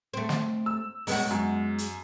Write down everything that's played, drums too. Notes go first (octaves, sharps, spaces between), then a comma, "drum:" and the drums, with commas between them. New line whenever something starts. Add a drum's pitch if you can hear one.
A3 C4
drum: snare
E6
E1 G#3 B3 F#4, drum: open hi-hat
F#2
drum: hi-hat